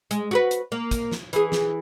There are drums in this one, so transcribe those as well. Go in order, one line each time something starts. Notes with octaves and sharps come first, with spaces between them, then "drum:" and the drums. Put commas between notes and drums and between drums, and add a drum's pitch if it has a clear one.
G#3, drum: hi-hat
F#4 G4 B4
drum: hi-hat
A#3
drum: kick, hi-hat
drum: snare
E3 G#4, drum: hi-hat
drum: snare